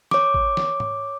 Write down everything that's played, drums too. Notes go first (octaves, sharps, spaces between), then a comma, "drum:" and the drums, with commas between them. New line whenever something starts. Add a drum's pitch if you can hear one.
C#5 D6, drum: snare
drum: kick A1
drum: snare
drum: tom G#2